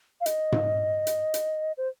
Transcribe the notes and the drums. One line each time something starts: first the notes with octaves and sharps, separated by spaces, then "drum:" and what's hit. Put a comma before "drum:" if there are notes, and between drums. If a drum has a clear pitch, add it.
F5
D#5, drum: hi-hat
drum: tom G#2
drum: hi-hat
drum: hi-hat
C5